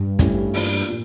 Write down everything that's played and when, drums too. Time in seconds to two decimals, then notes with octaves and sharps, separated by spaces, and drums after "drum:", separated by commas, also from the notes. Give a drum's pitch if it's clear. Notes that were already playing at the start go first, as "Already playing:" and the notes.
Already playing: G2
0.19 A3 C#4 E4 G4, drum: kick, hi-hat
0.54 E3 A#3 D4 F4, drum: open hi-hat
0.89 A#2